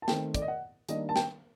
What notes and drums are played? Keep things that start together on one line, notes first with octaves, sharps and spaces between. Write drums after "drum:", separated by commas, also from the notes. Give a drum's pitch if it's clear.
A5
D#3 A3 C4 G5, drum: snare
D5, drum: kick, hi-hat
D#5
F#5
D#3 G3 A#3 D4 D#5, drum: hi-hat
A5
G5, drum: snare